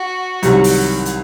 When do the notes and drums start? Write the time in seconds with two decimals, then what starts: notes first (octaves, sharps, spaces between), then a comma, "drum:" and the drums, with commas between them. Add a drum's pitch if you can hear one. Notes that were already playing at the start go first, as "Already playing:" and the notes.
Already playing: F#4
0.43 C2 C3 D#3 F#3, drum: hi-hat
0.64 drum: open hi-hat
1.05 drum: hi-hat